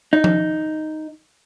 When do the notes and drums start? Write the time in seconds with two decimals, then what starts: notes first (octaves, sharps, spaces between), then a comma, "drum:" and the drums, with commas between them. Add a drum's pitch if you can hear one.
0.13 D#4
0.24 drum: tom F3